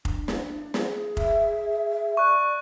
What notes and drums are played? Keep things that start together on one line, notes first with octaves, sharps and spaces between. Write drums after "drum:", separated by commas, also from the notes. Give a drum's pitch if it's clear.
D4, drum: kick F1
drum: snare
G#4, drum: snare
E5, drum: kick F1
D5 C#6 F#6